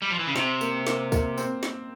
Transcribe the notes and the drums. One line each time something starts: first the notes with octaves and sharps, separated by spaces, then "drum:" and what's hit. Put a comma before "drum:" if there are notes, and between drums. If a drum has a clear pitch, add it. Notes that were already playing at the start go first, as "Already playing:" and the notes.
G3
F3
E3
C#3
C3 C4, drum: snare
A#3, drum: tambourine
A#3, drum: snare
A#3, drum: kick, tambourine
C4, drum: tambourine
drum: snare